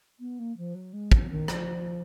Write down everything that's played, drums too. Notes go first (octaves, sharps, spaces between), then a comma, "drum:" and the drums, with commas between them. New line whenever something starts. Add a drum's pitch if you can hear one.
B3
A#3
F3
F#3
G#3
F#3, drum: kick
D#3
F3, drum: rim click